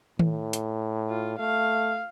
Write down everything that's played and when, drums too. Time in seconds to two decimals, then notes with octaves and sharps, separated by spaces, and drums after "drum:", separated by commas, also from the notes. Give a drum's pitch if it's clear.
0.19 A2, drum: tom D#3
0.53 drum: hi-hat
1.09 F4
1.39 A3 F5